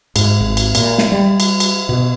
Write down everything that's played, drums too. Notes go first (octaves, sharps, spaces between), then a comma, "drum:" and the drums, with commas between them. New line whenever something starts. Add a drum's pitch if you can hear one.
G#2, drum: cymbal
G#1
drum: cymbal
A#2, drum: cymbal
drum: snare
G3
drum: cymbal
drum: cymbal
B2